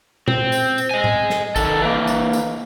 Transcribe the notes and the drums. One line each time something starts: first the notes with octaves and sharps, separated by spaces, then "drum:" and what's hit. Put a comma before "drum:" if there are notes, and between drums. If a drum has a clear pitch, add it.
C4, drum: tom
drum: tambourine
drum: tambourine
D#5 G#5
drum: tom A2
drum: snare
D#3 A4, drum: kick G#1, tambourine
E3 A#3
drum: tambourine
drum: tambourine